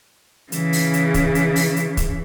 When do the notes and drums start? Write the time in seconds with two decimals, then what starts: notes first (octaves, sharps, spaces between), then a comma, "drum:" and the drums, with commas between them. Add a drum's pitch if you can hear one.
0.52 C#3 E3, drum: hi-hat
0.73 drum: open hi-hat
0.93 drum: hi-hat
1.14 drum: kick, hi-hat
1.35 drum: hi-hat
1.56 drum: open hi-hat
1.76 drum: hi-hat
1.97 drum: kick, hi-hat